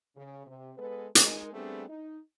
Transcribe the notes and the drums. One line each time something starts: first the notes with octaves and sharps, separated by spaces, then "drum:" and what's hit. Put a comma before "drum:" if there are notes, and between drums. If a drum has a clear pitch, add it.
C#3
C3
G#3 B3 A4 B4
G#3 D#4 A#4, drum: hi-hat
G3 A3 B3 C4 D4 G#4
D#4